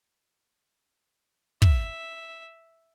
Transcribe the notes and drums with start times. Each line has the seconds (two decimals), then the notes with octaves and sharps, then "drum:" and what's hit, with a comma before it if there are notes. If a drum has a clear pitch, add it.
1.62 E5, drum: kick